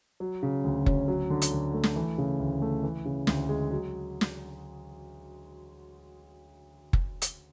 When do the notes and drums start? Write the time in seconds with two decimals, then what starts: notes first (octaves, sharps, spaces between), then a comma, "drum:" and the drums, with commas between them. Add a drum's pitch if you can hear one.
0.20 F#3
0.43 C#3
0.64 D2
0.86 C#4, drum: kick F#1
1.08 F#3
1.30 D3
1.42 drum: hi-hat
1.52 D2
1.74 A3
1.83 drum: snare
1.96 E3
2.18 C#3
2.40 D2
2.62 A3
2.83 E3
3.05 C#3
3.27 D2, drum: snare
3.49 G#3
3.71 F#3
4.21 drum: snare
6.93 drum: kick F#1
7.22 drum: hi-hat